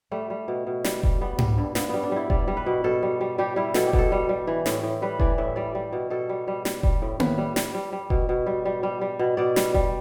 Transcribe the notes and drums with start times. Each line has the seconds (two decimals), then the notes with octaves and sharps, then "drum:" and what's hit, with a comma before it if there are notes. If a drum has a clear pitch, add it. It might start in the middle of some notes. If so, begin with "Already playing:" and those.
0.11 G3 A3
0.30 G3
0.48 B2
0.67 B2
0.84 G3, drum: snare
1.03 G3, drum: kick E1
1.21 G3 B3
1.38 G3, drum: tom G#2
1.58 G2
1.75 G2 B3, drum: snare
1.89 G3 B3
2.03 D4
2.12 G3 E4
2.30 G3 D5, drum: kick E1
2.48 G3
2.57 B4
2.66 B2
2.84 B2 A4
3.03 G3
3.21 G3
3.38 G3 G4
3.56 G3 E4
3.74 B2 A4, drum: snare
3.87 G4
3.93 B2, drum: kick E1
3.99 A4
4.12 G3
4.29 G3
4.47 E3
4.66 A2, drum: snare
4.83 A2
5.02 G3 B4
5.20 E3 D5, drum: kick E1
5.38 A2 E5
5.56 G3 D5
5.75 G3
5.92 B2
6.10 B2 A4
6.29 G3
6.48 G3
6.65 G3, drum: snare
6.83 G3, drum: kick E1
7.02 A2
7.20 A2 B4, drum: tom A#3
7.38 G3
7.56 G3, drum: snare
7.74 G3
7.93 G3
8.10 B2, drum: kick E1
8.29 B2
8.46 G3
8.65 G3
8.83 G3
9.01 G3
9.19 B2
9.37 B2 D5
9.56 G3, drum: snare
9.74 G3, drum: kick E1